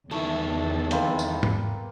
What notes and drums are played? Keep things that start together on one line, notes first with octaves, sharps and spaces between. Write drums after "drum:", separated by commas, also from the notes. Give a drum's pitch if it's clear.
E2 D#3 G3 A3 E4 A4
A#3 C4 B4, drum: hi-hat
drum: tambourine
drum: tom G#2